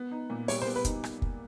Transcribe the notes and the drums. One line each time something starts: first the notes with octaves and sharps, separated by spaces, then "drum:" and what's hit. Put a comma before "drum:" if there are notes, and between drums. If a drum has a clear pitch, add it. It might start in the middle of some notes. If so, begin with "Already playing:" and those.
Already playing: B3
D#4
A#2
G3 C#5, drum: open hi-hat
C5
B3
B4
D#4, drum: kick, hi-hat
drum: rim click
drum: kick